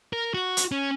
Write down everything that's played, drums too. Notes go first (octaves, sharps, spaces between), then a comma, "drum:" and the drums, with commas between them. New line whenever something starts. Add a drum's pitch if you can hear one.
A#4
F#4
drum: hi-hat
C#4